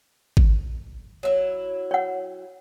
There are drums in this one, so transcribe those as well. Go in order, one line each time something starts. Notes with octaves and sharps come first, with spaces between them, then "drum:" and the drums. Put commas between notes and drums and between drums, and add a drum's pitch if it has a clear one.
drum: kick G#1
F#3 E4
C#5 F#5